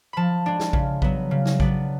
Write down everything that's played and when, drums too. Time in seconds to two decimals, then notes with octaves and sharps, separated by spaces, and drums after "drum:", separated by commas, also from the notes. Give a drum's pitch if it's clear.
0.13 F3 A5 B5
0.46 G#3 D4
0.60 drum: snare
0.73 C#3, drum: kick A#1
1.02 F#3 B3, drum: kick A#1
1.31 C#3
1.45 drum: snare
1.60 F#3 B3 D4, drum: kick A#1